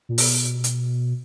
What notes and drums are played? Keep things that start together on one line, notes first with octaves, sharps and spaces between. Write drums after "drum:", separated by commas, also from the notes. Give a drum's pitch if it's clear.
A#2
B2, drum: open hi-hat
drum: hi-hat